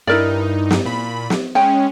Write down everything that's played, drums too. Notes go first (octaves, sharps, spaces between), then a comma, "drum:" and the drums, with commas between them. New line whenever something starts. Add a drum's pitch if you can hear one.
G2 D#4 E4 A#4 D5
drum: snare
A#2 B5
drum: snare
G#3 C#4 G5